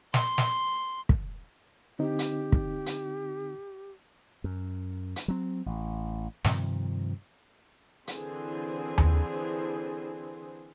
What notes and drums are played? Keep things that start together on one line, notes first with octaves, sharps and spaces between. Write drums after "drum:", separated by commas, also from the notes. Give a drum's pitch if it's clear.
C6, drum: snare
drum: snare
drum: kick
D3 C4 D#4 G4
drum: hi-hat
drum: kick
drum: hi-hat
F#2
drum: hi-hat
F#3 C4
A1
G2 C3 D#3 F3, drum: snare
D3 E3 C4 G#4 C5, drum: hi-hat
drum: tom D#2